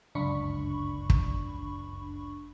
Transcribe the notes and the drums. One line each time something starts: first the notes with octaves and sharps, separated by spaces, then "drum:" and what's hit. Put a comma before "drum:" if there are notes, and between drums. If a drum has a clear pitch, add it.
G1 C#2 F#2 D4 B5 C#6
drum: kick